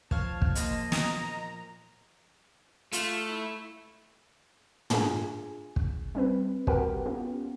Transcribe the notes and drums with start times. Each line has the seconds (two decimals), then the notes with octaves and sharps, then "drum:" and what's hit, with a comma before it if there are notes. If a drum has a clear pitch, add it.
0.11 F3 C#5 F5 A5, drum: kick
0.42 drum: kick
0.55 A#2 D#5 A5 C6, drum: hi-hat
0.92 A#5 D#6, drum: snare
2.93 A3 F4, drum: hi-hat
3.28 E4
4.90 D4 F4 G#4 G#5, drum: tom
5.76 drum: kick
6.15 G3 C4 B4
6.67 F#4 G4 A#4 B4 F#5 G5, drum: kick
7.05 B3 C#4 F4 G4